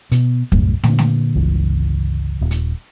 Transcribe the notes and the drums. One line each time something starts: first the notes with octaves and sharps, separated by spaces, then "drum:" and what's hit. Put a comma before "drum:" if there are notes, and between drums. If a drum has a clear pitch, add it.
B2, drum: hi-hat
C2 F#2 A2 F#3, drum: kick
A#2 D3, drum: snare
drum: snare
G1 C#2 E3
D#1
drum: hi-hat